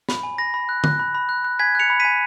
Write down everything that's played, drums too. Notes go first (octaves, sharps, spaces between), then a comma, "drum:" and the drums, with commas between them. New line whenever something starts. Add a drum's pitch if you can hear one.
B5, drum: snare
G#5
B5 A#6
B5
F#6
F#6, drum: tom D3
B5
B5
F#6
F#6
G#5 G#6 B6
F#6 C#7 F7
B5
G#5 B6 D#7